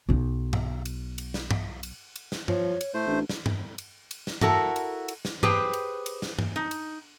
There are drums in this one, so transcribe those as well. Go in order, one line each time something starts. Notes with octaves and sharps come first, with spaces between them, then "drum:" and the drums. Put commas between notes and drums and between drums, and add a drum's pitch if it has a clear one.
B1 D#4
drum: tom G2
drum: cymbal
drum: cymbal
drum: snare
drum: tom G2
drum: cymbal
drum: cymbal
drum: snare
F3 C#5, drum: tom G2
drum: cymbal
A2 A3 C5
A1 D4
drum: snare
drum: tom G2
drum: cymbal
drum: cymbal
drum: snare
E4 F#4 A4 A#4, drum: tom G2
drum: cymbal
drum: cymbal
drum: snare
G4 G#4 B4 C5 G5, drum: tom G2
drum: cymbal
drum: cymbal
drum: snare
drum: tom G2
D#4
drum: cymbal